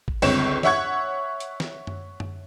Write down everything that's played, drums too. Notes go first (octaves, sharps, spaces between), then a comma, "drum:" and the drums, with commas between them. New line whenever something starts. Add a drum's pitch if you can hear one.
drum: kick A1
G1 C#2 C4 C#5 E7, drum: open hi-hat
C#5 E5 F#5 C#6 G#6, drum: snare
drum: hi-hat
drum: snare
drum: tom F#2
drum: tom F#2